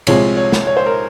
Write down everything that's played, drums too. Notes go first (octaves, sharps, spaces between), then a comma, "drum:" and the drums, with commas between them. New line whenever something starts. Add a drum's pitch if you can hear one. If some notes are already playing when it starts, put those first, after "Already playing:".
C2 C3 F3 G#3 C#5, drum: cymbal
C#5
drum: snare
C#5
C5
A#4